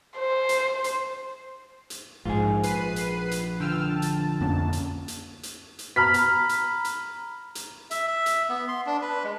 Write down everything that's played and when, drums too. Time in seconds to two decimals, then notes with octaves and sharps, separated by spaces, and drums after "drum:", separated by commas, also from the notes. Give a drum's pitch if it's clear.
0.19 C5
0.49 drum: hi-hat
0.84 drum: hi-hat
1.90 drum: hi-hat
2.25 A#1 G#2 F4 G#4
2.63 B4 C7 D#7, drum: hi-hat
2.96 drum: hi-hat
3.31 drum: hi-hat
3.60 D3 F4 G5 E6 F6
3.90 A5
4.02 drum: hi-hat
4.40 F2 A#3 C#4
4.73 drum: hi-hat
5.08 drum: hi-hat
5.43 drum: hi-hat
5.79 drum: hi-hat
5.96 A#5 B5 F6 B6
6.14 drum: hi-hat
6.49 drum: hi-hat
6.85 drum: hi-hat
7.55 drum: hi-hat
7.91 E5, drum: hi-hat
8.08 E5
8.26 drum: hi-hat
8.49 B3
8.68 C6
8.87 D4
9.01 B4
9.24 G#3